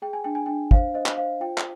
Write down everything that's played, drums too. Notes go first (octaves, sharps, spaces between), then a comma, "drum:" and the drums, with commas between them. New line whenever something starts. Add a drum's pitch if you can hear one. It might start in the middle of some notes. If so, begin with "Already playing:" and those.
G#4 G5
G#5
D4 G5
G#5
D4 G5
C5 F5, drum: kick
C5 D#5
drum: clap
C5 F5
F4 G5
drum: clap